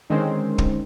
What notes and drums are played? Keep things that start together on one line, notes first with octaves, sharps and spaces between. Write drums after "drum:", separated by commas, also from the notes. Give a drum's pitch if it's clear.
D3 D#3 G#3 C4 C#4 C5
drum: kick